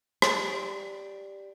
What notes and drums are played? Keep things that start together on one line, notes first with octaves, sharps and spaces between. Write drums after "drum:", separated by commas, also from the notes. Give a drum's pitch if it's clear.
G4 D5, drum: rim click